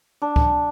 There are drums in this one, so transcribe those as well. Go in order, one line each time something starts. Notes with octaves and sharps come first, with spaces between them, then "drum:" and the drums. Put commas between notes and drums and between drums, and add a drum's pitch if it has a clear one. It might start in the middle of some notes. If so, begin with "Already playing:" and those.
D4
drum: kick C#2